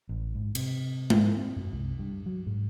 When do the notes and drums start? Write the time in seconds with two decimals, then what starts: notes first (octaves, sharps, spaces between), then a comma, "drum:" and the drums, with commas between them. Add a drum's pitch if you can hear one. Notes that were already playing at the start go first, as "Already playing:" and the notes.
0.09 A1
0.35 G#2
0.55 C3, drum: cymbal
1.10 G#2, drum: tom G#3
1.37 C4
1.56 F#2
1.73 C2
1.99 G2
2.26 F#3
2.46 G#2